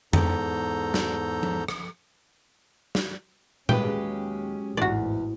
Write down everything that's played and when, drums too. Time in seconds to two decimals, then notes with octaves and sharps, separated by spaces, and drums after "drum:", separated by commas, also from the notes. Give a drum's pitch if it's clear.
0.13 E2 G#2 A4 A#5 G6, drum: tom F2
0.94 drum: snare
1.43 drum: tom F3
1.68 drum: rim click
2.95 drum: snare
3.69 D#2 F#3 G#3 C#4 G4 B4 G5, drum: tom A#2
4.77 A1 E2 G#2 F#4 D5